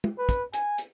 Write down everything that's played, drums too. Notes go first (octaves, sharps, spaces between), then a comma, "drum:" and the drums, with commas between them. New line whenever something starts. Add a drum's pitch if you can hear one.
drum: tom
B4
drum: kick, hi-hat
G#5, drum: hi-hat
drum: hi-hat